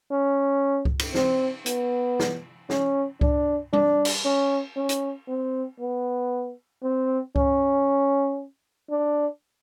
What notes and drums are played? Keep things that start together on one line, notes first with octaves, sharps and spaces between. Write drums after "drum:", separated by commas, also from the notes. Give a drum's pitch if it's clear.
C#4
drum: kick C#2
drum: cymbal
C4, drum: snare
B3, drum: hi-hat
drum: snare
C#4, drum: snare
D4, drum: kick C#2
D4, drum: tom G3
drum: cymbal
C#4
C#4
drum: hi-hat
C4
B3
C4
C#4, drum: kick C#2
D4